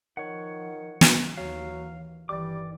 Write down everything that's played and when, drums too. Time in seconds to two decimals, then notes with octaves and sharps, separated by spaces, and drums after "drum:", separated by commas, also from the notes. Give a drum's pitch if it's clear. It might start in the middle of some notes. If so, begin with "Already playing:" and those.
0.17 D#3 F3 C#5 F#5
1.01 drum: snare
1.37 D#2 E3 F#3 F5
2.29 G1 D#3 E3 G3 D5 D6